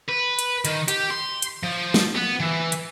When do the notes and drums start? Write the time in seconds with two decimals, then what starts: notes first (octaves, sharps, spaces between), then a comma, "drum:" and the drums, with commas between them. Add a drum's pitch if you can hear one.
0.09 B4
0.39 drum: hi-hat
0.65 D#3, drum: hi-hat
0.88 G4, drum: hi-hat
1.10 C6
1.42 drum: hi-hat
1.63 F3
1.94 drum: snare
2.15 B3
2.40 E3
2.72 drum: hi-hat